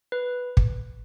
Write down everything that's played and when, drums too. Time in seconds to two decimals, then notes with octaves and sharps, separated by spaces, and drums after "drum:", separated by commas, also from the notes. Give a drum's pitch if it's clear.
0.12 B4
0.57 drum: kick